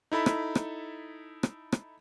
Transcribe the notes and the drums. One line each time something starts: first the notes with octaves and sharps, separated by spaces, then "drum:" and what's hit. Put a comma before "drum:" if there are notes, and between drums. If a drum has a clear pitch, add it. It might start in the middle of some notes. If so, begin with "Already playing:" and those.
D#4 E4 A4 B5
drum: rim click
drum: rim click
drum: rim click
drum: rim click